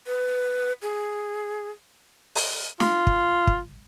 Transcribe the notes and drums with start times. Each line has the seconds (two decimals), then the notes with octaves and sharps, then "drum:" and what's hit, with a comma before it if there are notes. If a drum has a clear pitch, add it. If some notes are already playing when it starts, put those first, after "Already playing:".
0.07 B4
0.82 G#4
2.35 drum: open hi-hat
2.80 F4, drum: snare
3.07 drum: kick
3.47 drum: kick